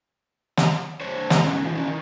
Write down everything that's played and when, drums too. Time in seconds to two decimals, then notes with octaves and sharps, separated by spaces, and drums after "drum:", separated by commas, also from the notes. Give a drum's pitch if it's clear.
0.57 drum: snare
1.01 D4 C5 C#5
1.30 D3 E3 G#3 B3 C4, drum: snare
1.44 D#3 E3 G#3 B3 C#4
1.63 E3 F4
1.75 C#4 E4
1.88 D#3